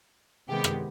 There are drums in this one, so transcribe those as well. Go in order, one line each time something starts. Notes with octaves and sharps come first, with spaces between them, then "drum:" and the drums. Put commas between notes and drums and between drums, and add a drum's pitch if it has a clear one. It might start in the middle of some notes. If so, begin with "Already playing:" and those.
C3 D#3 G#3 B3 G4
drum: rim click